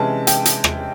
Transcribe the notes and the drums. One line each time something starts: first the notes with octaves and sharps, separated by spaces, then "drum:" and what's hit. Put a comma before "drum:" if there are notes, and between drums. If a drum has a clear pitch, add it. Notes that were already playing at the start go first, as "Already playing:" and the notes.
Already playing: C3 E3 G#3 C#4 A5
G5, drum: hi-hat
drum: hi-hat
drum: rim click